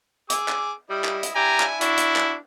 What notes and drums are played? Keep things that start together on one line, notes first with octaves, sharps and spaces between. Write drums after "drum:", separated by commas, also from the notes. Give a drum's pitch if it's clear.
G#4 D6 E6, drum: hi-hat
drum: clap
G3 E4 D#5
drum: clap
drum: hi-hat
D4 E4 G4 G#5 A#5
drum: clap
D4 E4 F#4, drum: hi-hat
drum: hi-hat
drum: clap